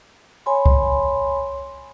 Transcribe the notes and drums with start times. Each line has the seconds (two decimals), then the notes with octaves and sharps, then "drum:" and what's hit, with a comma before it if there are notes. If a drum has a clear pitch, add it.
0.46 C#5 G#5 B5 C6
0.66 drum: kick C2